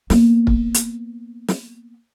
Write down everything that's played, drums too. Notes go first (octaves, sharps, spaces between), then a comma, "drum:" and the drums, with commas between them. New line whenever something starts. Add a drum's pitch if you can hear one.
A#3 B3, drum: snare
drum: kick
drum: hi-hat
drum: snare